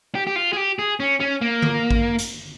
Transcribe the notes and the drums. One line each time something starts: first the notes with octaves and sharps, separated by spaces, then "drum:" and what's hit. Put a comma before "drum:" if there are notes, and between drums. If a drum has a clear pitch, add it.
G4
G4
F4
G#4
G4
G#4
C#4
C#4
A#3
drum: tom D3
drum: kick A1
drum: hi-hat